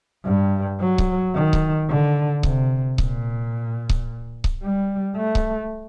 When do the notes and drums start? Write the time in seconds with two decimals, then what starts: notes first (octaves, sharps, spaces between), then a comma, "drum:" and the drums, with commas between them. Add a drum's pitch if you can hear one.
0.25 G2
0.80 F#3
0.98 drum: kick C#1
1.35 D#3
1.53 drum: kick C#1
1.89 D3
2.43 C3, drum: kick C#1
2.98 A#2, drum: kick C#1
3.89 drum: kick C#1
4.44 drum: kick C#1
4.62 G3
5.17 A3
5.35 drum: kick C#1